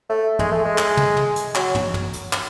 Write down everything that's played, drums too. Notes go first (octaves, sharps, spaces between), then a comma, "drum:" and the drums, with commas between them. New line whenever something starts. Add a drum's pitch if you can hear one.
A3
G#3, drum: tom
A3
G#3
drum: clap
drum: tom
drum: tom
drum: hi-hat
F#3, drum: clap
drum: tom
drum: tom
drum: hi-hat
drum: clap